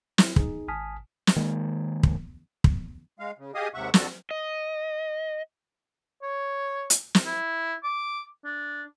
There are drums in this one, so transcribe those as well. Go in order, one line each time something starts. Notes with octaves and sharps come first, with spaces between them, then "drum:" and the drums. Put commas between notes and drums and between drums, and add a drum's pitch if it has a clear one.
F#3 E4, drum: snare
D#4 G#4, drum: kick
G#1 G#5 A5 D#6 F6 B6
drum: snare
D#3 G#3 A#3
drum: kick
drum: kick
G#3 F5
C#3
G4 G#4 D#5 F5 G#5 D#6
D#2 G#2 C3 E5 F#5 C#6
F2 D3 F#4 A4, drum: snare
D#5
C#5
drum: hi-hat
drum: snare
E4
D6
D4